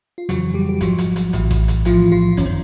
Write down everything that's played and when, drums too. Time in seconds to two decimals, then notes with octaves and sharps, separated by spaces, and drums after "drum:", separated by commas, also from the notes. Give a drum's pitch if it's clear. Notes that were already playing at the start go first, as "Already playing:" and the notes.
0.18 F4
0.29 F2 C#3 E3 F#3 F#4, drum: hi-hat
0.54 G3 G4
0.69 G4
0.81 G#1 G#2 F3 F#3 F#4, drum: hi-hat
0.98 drum: hi-hat
1.16 drum: hi-hat
1.33 A#1 A2 E3, drum: hi-hat
1.51 drum: kick A1, hi-hat
1.68 drum: hi-hat
1.85 B1 A2 E3 F3 F4, drum: hi-hat
2.12 F3 F4
2.37 G1 F#2 D#3 C#4, drum: hi-hat
2.46 C4